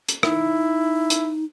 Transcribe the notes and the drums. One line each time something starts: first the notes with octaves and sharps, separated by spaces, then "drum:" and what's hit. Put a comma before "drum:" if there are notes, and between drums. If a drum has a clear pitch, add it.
drum: hi-hat
D#4 E4, drum: rim click
drum: hi-hat